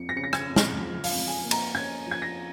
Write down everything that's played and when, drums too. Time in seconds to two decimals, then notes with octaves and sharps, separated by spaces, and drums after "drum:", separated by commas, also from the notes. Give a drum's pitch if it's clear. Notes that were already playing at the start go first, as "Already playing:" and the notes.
Already playing: F2 F3 C#7
0.09 A#6
0.16 C#3 C#7
0.24 A#6
0.33 G#6, drum: rim click
0.49 F2
0.56 F6, drum: snare
0.80 F3
1.04 F5, drum: open hi-hat
1.11 F2
1.28 G#5
1.44 A#3
1.51 A#5, drum: cymbal
1.75 C#4 G#6
2.07 F3 G#6
2.22 A#6